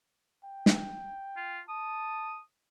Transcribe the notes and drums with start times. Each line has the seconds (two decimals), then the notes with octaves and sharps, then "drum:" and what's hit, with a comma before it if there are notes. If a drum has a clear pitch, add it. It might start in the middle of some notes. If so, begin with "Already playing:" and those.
0.44 G5
0.66 drum: snare
1.36 F4
1.69 A5 D#6